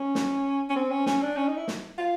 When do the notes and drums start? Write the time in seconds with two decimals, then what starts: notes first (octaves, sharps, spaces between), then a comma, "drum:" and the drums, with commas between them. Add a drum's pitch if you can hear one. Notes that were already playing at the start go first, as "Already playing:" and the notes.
Already playing: C#4
0.15 drum: snare
0.70 C#4
0.76 C4
0.91 C#4
1.06 C#4, drum: snare
1.22 D4
1.37 C#4
1.48 D#4
1.57 E4
1.68 drum: snare
1.98 F4